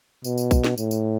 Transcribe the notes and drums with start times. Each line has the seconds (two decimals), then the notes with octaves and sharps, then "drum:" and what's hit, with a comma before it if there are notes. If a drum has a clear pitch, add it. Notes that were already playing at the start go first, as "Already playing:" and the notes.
0.24 B2, drum: tambourine
0.38 drum: tambourine
0.51 drum: kick, tambourine
0.64 drum: snare
0.78 A2, drum: tambourine
0.91 drum: tambourine